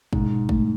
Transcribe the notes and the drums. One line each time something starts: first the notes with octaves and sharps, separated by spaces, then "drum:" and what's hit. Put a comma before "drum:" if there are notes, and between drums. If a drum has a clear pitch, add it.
G#2 B2, drum: kick
B2
A3, drum: kick